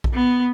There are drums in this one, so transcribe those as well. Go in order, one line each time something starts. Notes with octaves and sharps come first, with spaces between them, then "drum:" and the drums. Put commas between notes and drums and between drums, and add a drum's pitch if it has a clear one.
drum: kick A#1
B3